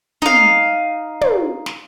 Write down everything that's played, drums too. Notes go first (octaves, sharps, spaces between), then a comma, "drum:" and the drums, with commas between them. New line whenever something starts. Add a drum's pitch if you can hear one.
D#4 F5, drum: tom
drum: tom
drum: snare